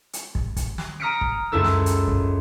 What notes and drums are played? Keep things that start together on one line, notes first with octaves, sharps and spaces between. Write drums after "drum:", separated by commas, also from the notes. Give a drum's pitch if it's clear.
drum: hi-hat
drum: kick
drum: kick, hi-hat
drum: snare
A#5 D#6 F6 B6 C#7 D7
drum: kick
C#2 F#2 E4 A4 E6
drum: snare
drum: hi-hat
drum: kick